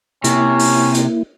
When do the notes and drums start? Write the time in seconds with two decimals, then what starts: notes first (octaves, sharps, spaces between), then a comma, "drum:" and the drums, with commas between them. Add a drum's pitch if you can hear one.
0.24 C3 A#3 C#4 E4, drum: hi-hat
0.59 drum: open hi-hat
0.94 drum: hi-hat